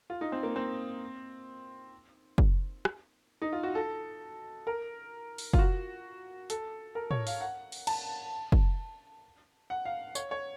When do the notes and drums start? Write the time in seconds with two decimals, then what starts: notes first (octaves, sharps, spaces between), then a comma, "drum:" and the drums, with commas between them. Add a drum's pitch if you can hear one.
0.10 F4
0.21 D#4
0.32 C4
0.43 A#3
0.56 C4
2.38 drum: kick
2.85 drum: rim click
3.42 D#4
3.52 F4
3.63 F#4
3.75 A4
4.67 A#4
5.38 drum: open hi-hat
5.53 F4, drum: kick
5.59 F#4
6.50 A4, drum: hi-hat
6.95 A#4
7.11 C#5, drum: tom
7.27 F5, drum: open hi-hat
7.41 F#5
7.72 drum: open hi-hat
7.87 A5, drum: cymbal
8.52 drum: kick
9.70 F#5
9.85 F5
10.15 C#5, drum: tambourine
10.31 C#5